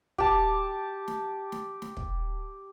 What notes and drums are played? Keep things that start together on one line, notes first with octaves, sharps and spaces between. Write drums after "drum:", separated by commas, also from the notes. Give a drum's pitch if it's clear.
G4 A5, drum: kick
drum: snare
drum: snare
drum: snare
drum: kick